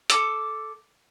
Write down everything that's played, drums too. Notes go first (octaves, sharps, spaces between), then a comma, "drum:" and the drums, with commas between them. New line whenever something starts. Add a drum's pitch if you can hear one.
A4 D6 E6, drum: hi-hat